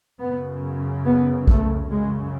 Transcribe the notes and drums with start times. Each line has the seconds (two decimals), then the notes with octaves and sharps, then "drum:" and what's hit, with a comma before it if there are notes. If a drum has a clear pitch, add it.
0.21 F#2 C#3 B3
1.06 B3
1.48 A3, drum: kick
1.90 F#2 C#3 G#3